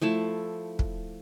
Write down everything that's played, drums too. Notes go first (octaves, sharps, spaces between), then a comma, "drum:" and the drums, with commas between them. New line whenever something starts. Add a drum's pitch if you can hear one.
F3 A3 E4 A5
drum: kick